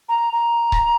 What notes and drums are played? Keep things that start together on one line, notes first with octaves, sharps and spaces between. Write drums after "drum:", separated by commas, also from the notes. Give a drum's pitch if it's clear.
A#5
A#5
drum: kick C#1